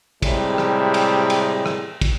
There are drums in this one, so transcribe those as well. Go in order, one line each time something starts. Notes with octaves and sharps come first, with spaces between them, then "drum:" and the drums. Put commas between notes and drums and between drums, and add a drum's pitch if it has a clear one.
A2 C3 G3 G#3, drum: kick, cymbal
drum: rim click
drum: cymbal
drum: cymbal
drum: rim click
drum: kick, cymbal